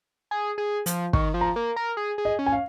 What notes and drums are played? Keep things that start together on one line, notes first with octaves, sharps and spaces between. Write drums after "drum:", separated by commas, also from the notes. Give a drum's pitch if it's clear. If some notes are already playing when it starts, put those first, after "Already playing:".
G#4
G#4
F3, drum: hi-hat
D#3 C#6, drum: kick
F3
A#5
A#3
A#4
G#4
G#4
D#5
C#4
G#5
F5